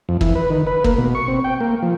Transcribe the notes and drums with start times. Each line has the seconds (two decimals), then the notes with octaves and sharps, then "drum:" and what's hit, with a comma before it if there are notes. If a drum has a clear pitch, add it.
0.09 F2
0.21 E3, drum: kick
0.35 B4
0.50 D#3
0.67 B4
0.84 A#3, drum: kick
0.98 B2
1.15 C#6
1.28 C4
1.44 G5
1.60 A#3
1.82 F3